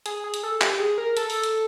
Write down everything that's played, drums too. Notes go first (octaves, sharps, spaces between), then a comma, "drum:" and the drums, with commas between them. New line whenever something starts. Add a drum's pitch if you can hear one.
G#4, drum: hi-hat
G#4
drum: hi-hat
A4
G4, drum: clap
G#4
A#4
A4, drum: hi-hat
drum: open hi-hat
drum: hi-hat